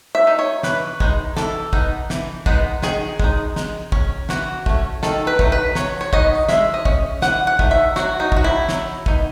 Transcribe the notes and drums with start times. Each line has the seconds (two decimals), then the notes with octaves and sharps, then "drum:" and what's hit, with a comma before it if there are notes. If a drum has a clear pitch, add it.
0.15 E5
0.27 D#4
0.39 C#5
0.63 E3 B4, drum: snare
1.00 G#3 D#4, drum: kick
1.37 E3 A4, drum: snare
1.73 B3 D#4, drum: kick
2.10 E3, drum: snare
2.46 G#3 B3 D#4, drum: kick
2.82 D#3 G#4, drum: snare
3.20 G#3 D#4, drum: kick
3.56 G#3, drum: snare
3.92 C#4, drum: kick
4.29 E3 F#4, drum: snare
4.66 A3 C#4, drum: kick
5.03 D#3 A4, drum: snare
5.27 B4
5.39 F#3 A3 D#4, drum: kick
5.52 B4
5.75 F#3 C#5, drum: snare
6.01 C#5
6.13 B3 D#4 D#5, drum: kick
6.49 G#3 E5, drum: snare
6.74 D#5
6.85 C#4, drum: kick
7.22 E3 F#5, drum: snare
7.47 F#5
7.59 A3 D#4, drum: kick
7.71 E5
7.96 F#3 F#4, drum: snare
8.20 D#4
8.32 C#4 F#4, drum: kick
8.44 E4
8.69 F#3, drum: snare
9.06 B3 D#4, drum: kick